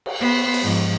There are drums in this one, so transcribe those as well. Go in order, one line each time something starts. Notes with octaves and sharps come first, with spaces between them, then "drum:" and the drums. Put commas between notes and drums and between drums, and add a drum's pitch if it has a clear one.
drum: cymbal
B3 C5
drum: open hi-hat
G#2 F3